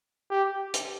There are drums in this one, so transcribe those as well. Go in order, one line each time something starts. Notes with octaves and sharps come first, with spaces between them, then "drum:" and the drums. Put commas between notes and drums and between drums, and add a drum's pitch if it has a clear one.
G4
drum: hi-hat